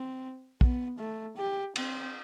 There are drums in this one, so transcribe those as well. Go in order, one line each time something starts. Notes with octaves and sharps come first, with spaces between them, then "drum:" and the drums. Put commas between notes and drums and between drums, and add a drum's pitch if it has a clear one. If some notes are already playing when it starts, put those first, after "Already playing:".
Already playing: C4
B3, drum: kick
A3
G4
C4, drum: cymbal